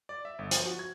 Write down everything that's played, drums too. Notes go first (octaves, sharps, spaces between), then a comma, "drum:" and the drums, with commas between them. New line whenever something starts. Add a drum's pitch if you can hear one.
D5
E5
G1
F3, drum: hi-hat
F#4
G#6